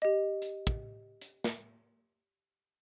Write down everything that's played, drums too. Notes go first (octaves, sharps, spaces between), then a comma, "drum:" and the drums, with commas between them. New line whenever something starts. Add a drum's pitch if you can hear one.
G4 D#5
drum: hi-hat
drum: kick
drum: hi-hat
drum: snare